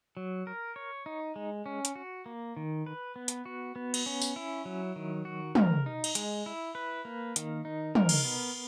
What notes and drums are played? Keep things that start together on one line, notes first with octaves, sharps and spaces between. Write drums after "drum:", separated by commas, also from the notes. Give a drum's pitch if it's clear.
F#3
A#4
C#5
D#4
G#3
C#4
drum: hi-hat
F#4
A#3
D#3
B4
B3
drum: hi-hat
F#4
B3
drum: cymbal
C#4
drum: tambourine
E4
F#3
D#3
F#4
A#4, drum: tom
D#4
drum: cymbal
G#3, drum: hi-hat
E4
B4
A#3
D#3, drum: hi-hat
D#4
A#4, drum: tom
drum: cymbal
B3